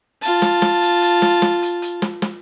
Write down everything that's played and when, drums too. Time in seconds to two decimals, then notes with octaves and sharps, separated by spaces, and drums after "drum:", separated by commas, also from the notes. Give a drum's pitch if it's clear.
0.22 F4 A5, drum: hi-hat
0.42 drum: snare
0.62 drum: snare
0.82 drum: hi-hat
1.02 drum: hi-hat
1.22 drum: snare
1.42 drum: snare
1.62 drum: hi-hat
1.82 drum: hi-hat
2.02 drum: snare
2.22 drum: snare